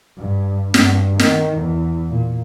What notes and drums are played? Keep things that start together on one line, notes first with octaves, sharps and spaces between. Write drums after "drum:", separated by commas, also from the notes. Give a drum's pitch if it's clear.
G2
G2, drum: snare
D#3, drum: snare
E2
A#2